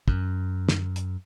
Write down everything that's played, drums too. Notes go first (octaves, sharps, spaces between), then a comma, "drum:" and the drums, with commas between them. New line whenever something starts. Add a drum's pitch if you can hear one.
F#2, drum: kick
drum: snare
drum: hi-hat